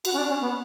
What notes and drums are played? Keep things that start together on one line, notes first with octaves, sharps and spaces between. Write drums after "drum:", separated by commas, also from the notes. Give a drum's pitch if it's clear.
F#4, drum: cymbal
C#4
D4
C#4
B3